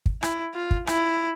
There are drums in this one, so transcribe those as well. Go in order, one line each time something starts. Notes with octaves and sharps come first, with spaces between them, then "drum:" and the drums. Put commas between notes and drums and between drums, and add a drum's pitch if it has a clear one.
drum: kick
E4, drum: rim click
F4
drum: kick
E4, drum: rim click